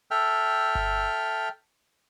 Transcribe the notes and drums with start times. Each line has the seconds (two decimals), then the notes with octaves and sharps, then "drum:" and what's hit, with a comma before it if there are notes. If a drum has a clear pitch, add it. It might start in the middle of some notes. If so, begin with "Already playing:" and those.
0.11 A4 E5 G5 F6
0.75 drum: kick G1